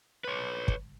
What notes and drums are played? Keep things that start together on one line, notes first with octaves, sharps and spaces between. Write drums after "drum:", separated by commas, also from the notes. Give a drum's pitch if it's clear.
B4 C#5
drum: kick